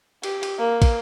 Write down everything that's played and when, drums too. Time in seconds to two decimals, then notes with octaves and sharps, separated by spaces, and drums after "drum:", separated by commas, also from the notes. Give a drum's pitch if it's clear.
0.23 G4, drum: cymbal
0.43 drum: cymbal
0.59 A#3
0.82 drum: kick, cymbal